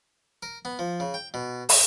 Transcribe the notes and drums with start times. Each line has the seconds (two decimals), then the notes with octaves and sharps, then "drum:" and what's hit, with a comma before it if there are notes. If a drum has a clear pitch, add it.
0.43 A#4
0.65 B3
0.79 F3
1.00 C#3
1.14 G5
1.34 B2
1.69 G#4, drum: open hi-hat